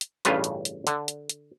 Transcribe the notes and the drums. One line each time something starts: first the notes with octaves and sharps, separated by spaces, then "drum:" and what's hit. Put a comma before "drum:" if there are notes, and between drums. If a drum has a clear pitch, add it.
drum: hi-hat
A1 G2 C#3 F4 B4, drum: hi-hat
drum: hi-hat
drum: hi-hat
D3, drum: hi-hat
drum: hi-hat
drum: hi-hat